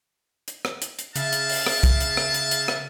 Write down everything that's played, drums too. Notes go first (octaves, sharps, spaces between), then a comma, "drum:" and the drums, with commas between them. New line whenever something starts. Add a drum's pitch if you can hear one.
drum: hi-hat
drum: rim click
drum: hi-hat
drum: hi-hat
C#3 E5 F5 A5, drum: hi-hat
drum: hi-hat
drum: open hi-hat
drum: rim click
drum: kick, hi-hat
drum: hi-hat
drum: rim click
drum: hi-hat
drum: hi-hat
drum: rim click